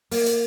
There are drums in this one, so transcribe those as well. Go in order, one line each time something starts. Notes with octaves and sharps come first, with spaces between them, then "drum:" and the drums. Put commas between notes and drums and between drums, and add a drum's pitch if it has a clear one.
A#3, drum: open hi-hat
drum: hi-hat